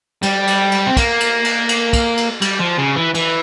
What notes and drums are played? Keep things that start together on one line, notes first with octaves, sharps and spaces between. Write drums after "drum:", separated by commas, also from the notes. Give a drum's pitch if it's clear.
G3, drum: cymbal
drum: cymbal
drum: cymbal
C4
A#3, drum: kick, cymbal
drum: cymbal
drum: cymbal
drum: cymbal
drum: kick, cymbal
drum: cymbal
G3, drum: cymbal
F3
C#3
E3
E3, drum: cymbal